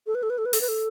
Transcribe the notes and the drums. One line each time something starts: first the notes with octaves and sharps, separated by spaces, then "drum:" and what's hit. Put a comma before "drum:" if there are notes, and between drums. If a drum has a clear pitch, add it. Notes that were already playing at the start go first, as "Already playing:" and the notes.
A4
B4
A4
B4
A4
B4
A4, drum: open hi-hat
B4
A4